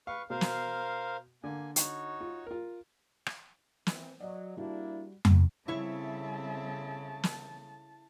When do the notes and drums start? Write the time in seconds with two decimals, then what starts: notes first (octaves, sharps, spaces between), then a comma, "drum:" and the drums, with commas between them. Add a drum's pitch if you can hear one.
0.07 B4 F5 C#6
0.30 B2 A#4 C5 F5
0.41 drum: snare
1.44 D3 A#3 G#5
1.76 D#4 F#4 C#5, drum: hi-hat
2.21 F4
2.47 F4 A#4
3.26 drum: rim click
3.87 E3 C4, drum: snare
4.20 F#3 D5 D#5
4.57 G3 A#3 D4 E4 F#4
5.25 drum: tom F2
5.68 C#3 G3 A3 C4 E4 C#5 E5 A5
7.24 drum: snare